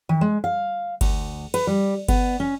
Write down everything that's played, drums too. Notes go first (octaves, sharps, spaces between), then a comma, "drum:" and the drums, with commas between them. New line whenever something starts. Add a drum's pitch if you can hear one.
D#3
G#3
F5
D2, drum: kick G1, cymbal
B4, drum: cymbal
G3
B3, drum: kick G1, cymbal
C#4